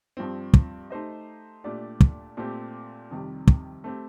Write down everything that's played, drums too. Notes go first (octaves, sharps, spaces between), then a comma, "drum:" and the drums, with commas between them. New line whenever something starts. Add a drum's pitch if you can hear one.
G2 F3 C4
drum: kick
A3 D#4 G4 C5 D#5
A#2 A3 D4 G4 D5
drum: kick
A#2 A3 C4 G4
F2 C3 D#3 G3
drum: kick
A3 C4 G4